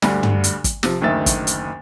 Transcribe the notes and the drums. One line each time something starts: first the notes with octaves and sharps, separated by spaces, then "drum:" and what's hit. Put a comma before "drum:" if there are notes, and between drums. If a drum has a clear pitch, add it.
D2 G2 D3, drum: snare
drum: tom
drum: hi-hat
drum: kick, hi-hat
C3 F3, drum: snare
F#1 D2 D#3 E5 A6
drum: kick, hi-hat
drum: hi-hat